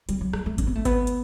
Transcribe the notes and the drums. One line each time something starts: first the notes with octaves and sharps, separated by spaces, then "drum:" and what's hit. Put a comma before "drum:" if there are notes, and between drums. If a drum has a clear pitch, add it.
G3, drum: hi-hat
F#3
G3, drum: rim click
A3
C#4, drum: kick G#1, hi-hat
B3
A3
B3, drum: kick G#1, hi-hat
drum: hi-hat